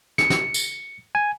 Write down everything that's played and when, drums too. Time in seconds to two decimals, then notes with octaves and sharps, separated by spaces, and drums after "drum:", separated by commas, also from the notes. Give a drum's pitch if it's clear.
0.18 C#7, drum: snare
0.30 drum: snare
0.54 drum: tambourine
1.15 G#5